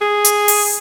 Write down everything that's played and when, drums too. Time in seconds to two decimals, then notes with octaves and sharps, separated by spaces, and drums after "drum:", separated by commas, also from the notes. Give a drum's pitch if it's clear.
0.01 G#4
0.24 drum: hi-hat
0.48 drum: open hi-hat